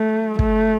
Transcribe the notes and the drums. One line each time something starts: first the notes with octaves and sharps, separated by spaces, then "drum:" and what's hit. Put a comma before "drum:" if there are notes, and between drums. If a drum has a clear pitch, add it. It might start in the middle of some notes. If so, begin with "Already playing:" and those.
Already playing: A3
A3, drum: kick